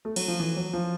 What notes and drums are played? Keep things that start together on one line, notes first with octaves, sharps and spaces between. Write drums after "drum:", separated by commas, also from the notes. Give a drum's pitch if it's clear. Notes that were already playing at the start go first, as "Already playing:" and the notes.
A3
F#3, drum: cymbal
F3
E3
F#3
F3